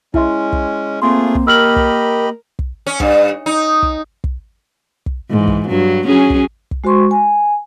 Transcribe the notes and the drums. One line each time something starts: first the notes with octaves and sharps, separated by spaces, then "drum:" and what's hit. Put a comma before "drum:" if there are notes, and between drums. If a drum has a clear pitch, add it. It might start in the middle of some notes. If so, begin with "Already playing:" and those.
G#3 C#4 E4 E5 C6, drum: kick
drum: kick
A3 A#3 C4 F4 G#4 C6
drum: kick
G4 A#4 D#5 B5 E6 F6 F#7
drum: kick
drum: kick
C#4
G2, drum: kick
D#4
drum: kick
drum: kick
drum: kick
G#2 E3
drum: kick
G2 F#3
F#3 C#4 G#4
drum: kick
drum: kick
G#3 F#4 C5 C6 C#6
G#5